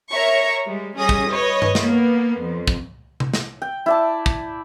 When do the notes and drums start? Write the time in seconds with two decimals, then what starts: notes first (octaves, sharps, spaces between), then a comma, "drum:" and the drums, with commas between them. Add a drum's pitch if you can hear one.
0.11 A#4 C#5 E5 A#5 C#6
0.66 G3 G#3
0.96 G3 C#4 G#4 D#5 D#6 A#6
1.09 drum: kick
1.28 B4 C#5 D#5
1.62 drum: tom G2
1.75 drum: snare
1.84 A#3 B3
2.41 F2
2.67 drum: kick
3.20 drum: tom C3
3.34 drum: snare
3.62 G5
3.86 E4 D5 A5
4.26 drum: kick